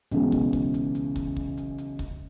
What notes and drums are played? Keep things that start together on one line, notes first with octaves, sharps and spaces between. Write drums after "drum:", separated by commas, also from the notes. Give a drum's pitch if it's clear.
B1 C#3 E3 G#3, drum: hi-hat
drum: kick, hi-hat
drum: kick, hi-hat
drum: hi-hat
drum: hi-hat
drum: kick, hi-hat
drum: kick
drum: hi-hat
drum: hi-hat
drum: kick, hi-hat